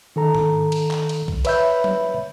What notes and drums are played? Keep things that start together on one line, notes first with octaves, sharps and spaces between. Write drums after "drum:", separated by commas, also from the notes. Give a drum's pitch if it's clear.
D#3 A4 A#5
drum: tom G#2
drum: cymbal
drum: clap
drum: cymbal
drum: kick B1
B4 C#5 E5 B5 G6, drum: cymbal
drum: tom F#3